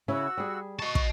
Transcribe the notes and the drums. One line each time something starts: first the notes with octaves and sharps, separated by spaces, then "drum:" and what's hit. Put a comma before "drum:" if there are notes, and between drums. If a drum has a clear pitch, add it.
C#3 C#4 E4 F#4 E6
G3 G#4
D#5 A5 C#6
drum: kick